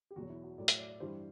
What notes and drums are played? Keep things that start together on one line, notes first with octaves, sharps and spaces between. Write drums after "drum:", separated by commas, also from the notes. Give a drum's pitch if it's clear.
G4
E2 B2 F#3 F#4
E4
F#4
A2 F#3 D5
E5, drum: hi-hat
D5
D5
G2 E3 G3 C5